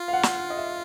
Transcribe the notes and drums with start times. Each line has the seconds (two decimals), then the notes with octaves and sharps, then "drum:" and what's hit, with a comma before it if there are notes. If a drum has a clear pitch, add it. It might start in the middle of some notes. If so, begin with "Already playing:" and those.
Already playing: F4
0.08 F5
0.13 F#5
0.23 drum: snare
0.50 D#5
0.57 E5